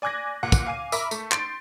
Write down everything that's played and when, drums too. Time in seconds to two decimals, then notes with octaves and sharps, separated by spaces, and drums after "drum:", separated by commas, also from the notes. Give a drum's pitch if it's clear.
0.02 D5 G#5 D6 F#6 G#6 A#6
0.43 A#2 F#5
0.52 drum: kick, tambourine
0.66 F5 G#5 D6 D#7
0.92 A#4 E5 B5 D6 B6, drum: tambourine
1.11 A3, drum: tambourine
1.32 C6 G6 A6 D7, drum: clap